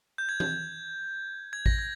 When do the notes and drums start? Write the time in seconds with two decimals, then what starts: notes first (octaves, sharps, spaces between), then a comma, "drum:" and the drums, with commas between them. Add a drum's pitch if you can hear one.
0.18 G6
0.29 G#6
0.40 G6, drum: tom
1.53 G#6
1.66 A#6, drum: kick A1
1.79 G#6